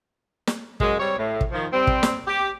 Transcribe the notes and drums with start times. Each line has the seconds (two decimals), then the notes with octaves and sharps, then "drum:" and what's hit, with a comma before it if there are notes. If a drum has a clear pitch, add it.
0.47 drum: snare
0.80 F#2 G#3, drum: kick
0.99 G3 C4 C#5
1.17 A2
1.41 drum: kick
1.52 D#3 F3
1.72 G3 C4
1.87 drum: kick
2.03 drum: snare
2.27 G4